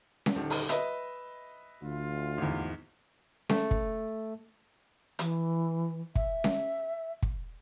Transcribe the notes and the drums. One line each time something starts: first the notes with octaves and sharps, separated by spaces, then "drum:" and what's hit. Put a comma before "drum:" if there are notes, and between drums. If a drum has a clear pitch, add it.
drum: snare C#4
D#1 D3 D#3
drum: open hi-hat
B4 D#5 E5, drum: hi-hat
D2 F4
G#1 E2
A3, drum: snare C#4
drum: kick
E3, drum: hi-hat
E5, drum: kick
drum: snare C#4
drum: kick